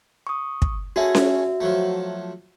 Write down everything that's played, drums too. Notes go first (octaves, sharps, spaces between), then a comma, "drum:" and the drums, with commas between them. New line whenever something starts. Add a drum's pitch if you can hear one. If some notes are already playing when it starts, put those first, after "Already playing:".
C#6 D#6
drum: kick
A3 C#4 F#4 G#4 E5
drum: snare C#4
F3 F#3 A3